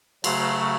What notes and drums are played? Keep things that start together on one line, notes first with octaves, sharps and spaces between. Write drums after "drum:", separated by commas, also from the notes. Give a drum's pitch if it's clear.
C#3 F#3 A3 C6, drum: cymbal